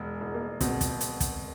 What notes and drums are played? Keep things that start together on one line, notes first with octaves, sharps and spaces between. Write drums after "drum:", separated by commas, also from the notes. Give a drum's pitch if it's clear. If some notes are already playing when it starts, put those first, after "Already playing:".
Already playing: E1 G#3
E1
A#3
B2 C4, drum: kick, hi-hat
drum: kick, hi-hat
drum: hi-hat
drum: kick, hi-hat